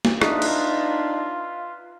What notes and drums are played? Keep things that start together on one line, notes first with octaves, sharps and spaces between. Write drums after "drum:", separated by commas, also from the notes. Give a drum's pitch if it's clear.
drum: snare
D4 D#4 F4 B4 E5 D#6, drum: rim click
drum: cymbal